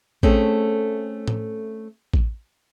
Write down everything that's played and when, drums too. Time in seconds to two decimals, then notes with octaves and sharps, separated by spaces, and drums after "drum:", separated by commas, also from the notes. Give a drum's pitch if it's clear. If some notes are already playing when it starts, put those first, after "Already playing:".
0.23 A3 C4 C#4 G#4 A4, drum: kick A1
1.28 drum: tom A2
2.14 drum: kick A1